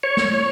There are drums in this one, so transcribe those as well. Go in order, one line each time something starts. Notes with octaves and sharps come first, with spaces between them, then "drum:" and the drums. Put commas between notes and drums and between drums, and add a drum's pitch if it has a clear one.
C#5
drum: snare